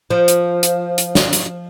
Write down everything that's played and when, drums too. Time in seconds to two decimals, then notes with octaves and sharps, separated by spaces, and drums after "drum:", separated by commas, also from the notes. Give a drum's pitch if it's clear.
0.10 F3
0.28 drum: hi-hat
0.63 drum: hi-hat
0.98 drum: hi-hat
1.15 drum: snare
1.33 drum: hi-hat